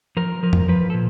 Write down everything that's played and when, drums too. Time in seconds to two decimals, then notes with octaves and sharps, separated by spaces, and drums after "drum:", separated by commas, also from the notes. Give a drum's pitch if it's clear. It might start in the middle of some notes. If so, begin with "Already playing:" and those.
0.17 F3 A#4
0.43 F3 A#4
0.53 drum: tom
0.68 F3 B4
0.90 A4
0.94 A#2